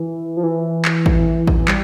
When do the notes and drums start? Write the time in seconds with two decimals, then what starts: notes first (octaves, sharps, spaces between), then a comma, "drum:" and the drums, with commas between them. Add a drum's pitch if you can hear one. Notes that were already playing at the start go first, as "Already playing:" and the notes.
Already playing: E3
0.37 F3
0.43 E3
0.85 drum: clap
1.06 drum: kick A1
1.47 drum: kick A1
1.68 G3, drum: clap